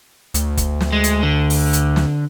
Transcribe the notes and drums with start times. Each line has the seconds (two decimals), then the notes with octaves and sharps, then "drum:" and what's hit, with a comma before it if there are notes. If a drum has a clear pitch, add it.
0.34 D2, drum: hi-hat
0.57 drum: kick F1, hi-hat
0.81 drum: snare
0.92 G#3
1.04 drum: hi-hat
1.23 D3
1.50 drum: open hi-hat
1.73 drum: hi-hat
1.96 drum: snare